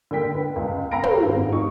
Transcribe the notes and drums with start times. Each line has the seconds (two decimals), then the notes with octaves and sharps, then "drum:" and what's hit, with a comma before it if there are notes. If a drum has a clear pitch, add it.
0.11 D3 A#3 G5 B6
0.35 B4
0.56 C#2
0.91 F5 F#5 A#5 B5 A#6 D7
1.03 drum: tom
1.23 G#1 F5
1.52 F1 D#4 C#6